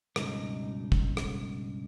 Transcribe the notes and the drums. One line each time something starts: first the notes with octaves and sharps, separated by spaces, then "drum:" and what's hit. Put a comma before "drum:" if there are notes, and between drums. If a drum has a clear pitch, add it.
C#2 G2 B2 D#4, drum: rim click
drum: kick
drum: rim click